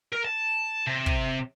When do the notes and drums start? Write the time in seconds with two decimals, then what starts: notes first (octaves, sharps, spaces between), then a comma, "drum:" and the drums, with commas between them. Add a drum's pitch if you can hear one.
0.13 A#4
0.25 A5
0.87 C3
1.06 drum: kick